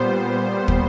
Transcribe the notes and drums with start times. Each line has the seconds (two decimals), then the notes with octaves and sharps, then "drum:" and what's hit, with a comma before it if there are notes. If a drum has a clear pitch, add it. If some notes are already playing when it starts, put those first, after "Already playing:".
Already playing: A#2 G3 B3 C5
0.68 drum: kick